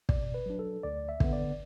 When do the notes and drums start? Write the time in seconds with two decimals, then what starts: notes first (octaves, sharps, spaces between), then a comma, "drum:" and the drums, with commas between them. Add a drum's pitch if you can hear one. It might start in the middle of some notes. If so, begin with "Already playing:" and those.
0.09 B2 D5, drum: kick
0.34 B4
0.46 F#3 D4
0.59 A4
0.84 D2 D5
1.09 E5
1.20 D3 B3, drum: kick
1.33 D5